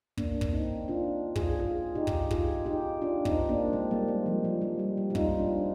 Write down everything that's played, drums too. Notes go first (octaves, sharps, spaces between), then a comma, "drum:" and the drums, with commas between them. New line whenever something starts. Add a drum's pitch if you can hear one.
A#3 D4, drum: kick
drum: kick
C4 D#4
D4 F4
F4 G#4, drum: kick
F4 G#4
D#4 G4
drum: kick
F4 G#4, drum: kick
D#4 G4
D4 F4
C4 D#4, drum: kick
A#3 D4
G#3 C4
G3 A#3
G#3
F3
F3
G3
G3
G3
F4
C4 D#4, drum: kick
D4 F4